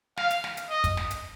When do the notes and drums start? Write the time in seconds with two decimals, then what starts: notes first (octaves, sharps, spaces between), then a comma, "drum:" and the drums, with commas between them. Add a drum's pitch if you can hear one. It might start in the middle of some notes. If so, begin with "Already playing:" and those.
0.17 F5, drum: snare
0.30 drum: hi-hat
0.44 drum: snare
0.57 drum: hi-hat
0.70 D#5
0.84 drum: kick, hi-hat
0.97 drum: snare
1.11 drum: hi-hat